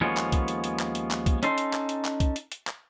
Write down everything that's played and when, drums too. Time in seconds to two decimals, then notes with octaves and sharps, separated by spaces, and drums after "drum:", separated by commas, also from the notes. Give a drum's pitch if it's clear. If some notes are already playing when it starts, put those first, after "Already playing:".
0.01 D#2 F3 G#3 B3 C#4 C#5
0.17 drum: clap
0.32 drum: kick, hi-hat
0.48 drum: hi-hat
0.64 drum: hi-hat
0.79 drum: clap
0.95 drum: hi-hat
1.11 drum: clap
1.26 drum: kick, hi-hat
1.43 C#4 D#4 A4 C6, drum: hi-hat
1.58 drum: hi-hat
1.73 drum: clap
1.89 drum: hi-hat
2.05 drum: clap
2.20 drum: kick, hi-hat
2.36 drum: hi-hat
2.52 drum: hi-hat
2.67 drum: clap